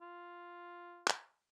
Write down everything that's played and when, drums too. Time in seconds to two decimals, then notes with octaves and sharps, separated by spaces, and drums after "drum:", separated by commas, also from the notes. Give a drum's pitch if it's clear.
0.01 F4
1.07 drum: clap